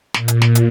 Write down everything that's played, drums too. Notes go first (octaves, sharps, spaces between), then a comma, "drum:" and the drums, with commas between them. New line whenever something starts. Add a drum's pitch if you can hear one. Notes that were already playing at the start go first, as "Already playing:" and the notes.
A#2, drum: snare
drum: hi-hat
drum: snare
drum: hi-hat